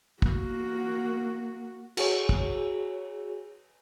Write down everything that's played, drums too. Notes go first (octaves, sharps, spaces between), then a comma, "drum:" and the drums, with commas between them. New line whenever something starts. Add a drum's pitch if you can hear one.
A#3 F#4, drum: kick
F#4 G#4 C#5, drum: cymbal
drum: kick